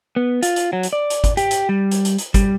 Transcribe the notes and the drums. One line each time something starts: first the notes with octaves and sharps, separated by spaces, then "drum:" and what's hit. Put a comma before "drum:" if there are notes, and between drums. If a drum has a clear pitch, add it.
B3
F4, drum: hi-hat
drum: hi-hat
F#3
drum: hi-hat
D5
drum: hi-hat
drum: kick, hi-hat
G4, drum: hi-hat
drum: hi-hat
G3
drum: hi-hat
drum: hi-hat
drum: hi-hat
G3, drum: kick, hi-hat